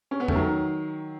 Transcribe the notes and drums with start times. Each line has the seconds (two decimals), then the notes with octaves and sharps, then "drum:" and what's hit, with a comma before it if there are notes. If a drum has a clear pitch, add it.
0.11 C#4
0.20 B3
0.28 A3 C#4, drum: tom E2
0.35 D#3 F#3